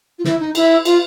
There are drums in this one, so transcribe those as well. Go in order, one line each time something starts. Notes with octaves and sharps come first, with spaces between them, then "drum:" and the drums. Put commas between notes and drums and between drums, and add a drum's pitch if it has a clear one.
F4
E4, drum: snare
D#4
E4, drum: cymbal
F4, drum: cymbal